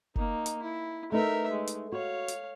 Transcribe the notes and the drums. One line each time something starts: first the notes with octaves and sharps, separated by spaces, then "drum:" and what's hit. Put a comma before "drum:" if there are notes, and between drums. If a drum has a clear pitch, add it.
A#3 D#4, drum: kick F#1
drum: hi-hat
E4
A3 D#4 A#4 B4 E5
G#3
drum: hi-hat
F#4 C#5 F5
drum: hi-hat